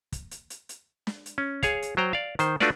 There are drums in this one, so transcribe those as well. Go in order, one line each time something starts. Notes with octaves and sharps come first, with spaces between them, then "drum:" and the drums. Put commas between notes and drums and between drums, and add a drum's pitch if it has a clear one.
drum: kick, hi-hat
drum: hi-hat
drum: hi-hat
drum: hi-hat
drum: snare
drum: hi-hat
C#4
G#4 C#5 F5, drum: kick, hi-hat
drum: hi-hat
F#3 C5 G5 A#5
D5 F5
D#3 C5, drum: hi-hat
A3 D4 F4 F#4 B4 D5, drum: snare